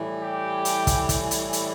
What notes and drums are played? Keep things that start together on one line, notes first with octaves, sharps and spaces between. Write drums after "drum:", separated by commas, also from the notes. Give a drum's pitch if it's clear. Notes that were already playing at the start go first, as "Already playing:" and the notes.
Already playing: A2 E3 G3
G4
drum: hi-hat
drum: kick, hi-hat
drum: kick, hi-hat
drum: hi-hat
drum: hi-hat